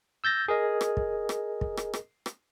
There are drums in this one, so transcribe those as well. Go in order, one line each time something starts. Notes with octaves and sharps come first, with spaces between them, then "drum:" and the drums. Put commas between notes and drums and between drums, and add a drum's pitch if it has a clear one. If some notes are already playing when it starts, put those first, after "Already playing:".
E6 G6 A6 A#6
G#4 A#4 D#5
drum: rim click
drum: kick
drum: rim click
drum: kick
drum: rim click
drum: rim click
drum: rim click